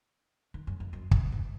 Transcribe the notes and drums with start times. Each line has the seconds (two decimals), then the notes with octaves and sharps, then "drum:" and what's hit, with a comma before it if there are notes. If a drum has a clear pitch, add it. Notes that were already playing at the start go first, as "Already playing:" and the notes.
0.54 D#3
0.67 F#2
0.80 F2
0.93 F#2
1.11 drum: kick
1.32 G#2